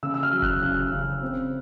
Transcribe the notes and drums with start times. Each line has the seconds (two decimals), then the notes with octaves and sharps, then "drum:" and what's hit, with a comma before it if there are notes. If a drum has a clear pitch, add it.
0.03 C#3 E6
0.14 E6
0.23 F6
0.32 F#3
0.42 F#6, drum: kick F1
0.62 C#3 F#6
0.92 C#3
1.22 C4